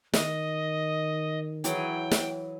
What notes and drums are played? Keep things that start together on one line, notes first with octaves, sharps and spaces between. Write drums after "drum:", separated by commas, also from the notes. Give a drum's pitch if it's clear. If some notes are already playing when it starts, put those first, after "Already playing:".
D#3 D#5, drum: snare
E3 F#3 G#4 G5, drum: hi-hat
drum: snare